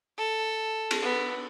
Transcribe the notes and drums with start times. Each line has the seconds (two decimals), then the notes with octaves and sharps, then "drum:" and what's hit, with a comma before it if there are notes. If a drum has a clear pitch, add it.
0.18 A4
0.91 drum: cymbal
1.02 B3